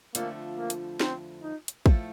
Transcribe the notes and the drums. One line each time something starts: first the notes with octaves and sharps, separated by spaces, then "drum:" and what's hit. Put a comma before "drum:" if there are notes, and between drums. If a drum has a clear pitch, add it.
F2 D3 F3 A3 A#3, drum: hi-hat
A#3
drum: hi-hat
C4, drum: snare
D#4
drum: hi-hat
A2 F3 A3, drum: kick